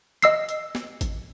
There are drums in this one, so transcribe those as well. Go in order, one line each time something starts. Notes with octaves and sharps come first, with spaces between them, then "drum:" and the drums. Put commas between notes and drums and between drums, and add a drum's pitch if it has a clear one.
D#5 E6 C7, drum: hi-hat
drum: hi-hat
drum: snare
drum: kick G#1, hi-hat